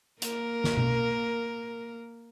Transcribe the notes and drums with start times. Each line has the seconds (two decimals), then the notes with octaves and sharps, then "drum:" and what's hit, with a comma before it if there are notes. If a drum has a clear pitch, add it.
0.22 A#3 A#4, drum: hi-hat
0.64 drum: snare
0.77 drum: tom B2